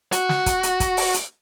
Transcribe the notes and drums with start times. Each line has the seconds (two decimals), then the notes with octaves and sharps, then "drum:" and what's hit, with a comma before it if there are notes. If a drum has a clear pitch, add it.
0.12 F#4, drum: hi-hat
0.29 drum: snare
0.46 drum: kick, hi-hat
0.63 drum: hi-hat
0.80 drum: kick, hi-hat
0.97 drum: open hi-hat
1.14 drum: hi-hat